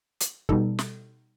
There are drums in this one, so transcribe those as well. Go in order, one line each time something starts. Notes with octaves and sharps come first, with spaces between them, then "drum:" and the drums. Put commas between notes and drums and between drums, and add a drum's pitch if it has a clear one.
drum: hi-hat
B2 G3 D#4 A4, drum: kick
drum: snare